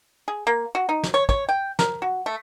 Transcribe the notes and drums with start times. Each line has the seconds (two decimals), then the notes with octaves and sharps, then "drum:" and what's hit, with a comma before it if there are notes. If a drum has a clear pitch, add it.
0.28 G#4
0.47 A#3
0.75 F#4
0.89 D#4
1.03 drum: snare
1.14 C#5
1.29 C#5, drum: kick
1.49 G5
1.79 A#4, drum: snare
2.02 F#4
2.26 A3